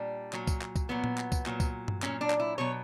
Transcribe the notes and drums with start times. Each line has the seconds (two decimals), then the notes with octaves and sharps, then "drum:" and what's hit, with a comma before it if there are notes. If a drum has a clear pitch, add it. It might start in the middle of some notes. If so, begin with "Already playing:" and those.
Already playing: A#2 G3 D4
0.33 A#2 F#3, drum: clap
0.47 drum: kick C2, tambourine
0.61 drum: clap
0.76 drum: kick C2, tambourine
0.89 A#2 F#3 B3
1.04 drum: tom A#2
1.18 drum: clap
1.32 drum: kick C2, tambourine
1.46 A#2 F#3, drum: clap
1.60 drum: kick C2, tambourine
1.88 drum: tom G2
2.02 A#2 F#3 C#4, drum: clap
2.21 D4
2.30 drum: clap
2.40 E4
2.58 B2 F#3 C#5